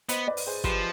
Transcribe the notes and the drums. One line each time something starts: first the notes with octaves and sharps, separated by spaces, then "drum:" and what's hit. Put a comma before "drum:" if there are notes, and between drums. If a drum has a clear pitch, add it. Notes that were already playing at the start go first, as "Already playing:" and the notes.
B3 C5 D#5, drum: hi-hat
B4 D5
drum: open hi-hat
G#4 C5
F3 G4 B4, drum: kick